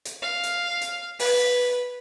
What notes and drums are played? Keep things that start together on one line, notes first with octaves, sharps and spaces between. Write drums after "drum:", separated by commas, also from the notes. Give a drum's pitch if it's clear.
drum: hi-hat
F5
drum: hi-hat
drum: hi-hat
B4, drum: open hi-hat